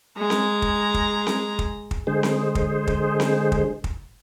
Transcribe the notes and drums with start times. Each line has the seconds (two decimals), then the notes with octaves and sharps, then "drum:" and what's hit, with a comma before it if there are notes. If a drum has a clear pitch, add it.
0.18 G#3 A#5
0.30 drum: snare C4
0.62 drum: kick
0.94 drum: kick
1.27 drum: snare C4
1.59 drum: kick
1.91 drum: kick
2.07 D3 G#3 G#4 C5
2.23 drum: snare C4
2.55 drum: kick
2.87 drum: kick
3.20 drum: snare C4
3.52 drum: kick
3.84 drum: kick